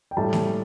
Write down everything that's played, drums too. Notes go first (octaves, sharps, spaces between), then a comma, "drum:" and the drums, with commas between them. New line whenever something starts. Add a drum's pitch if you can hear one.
G5
A2 G3 A5
drum: snare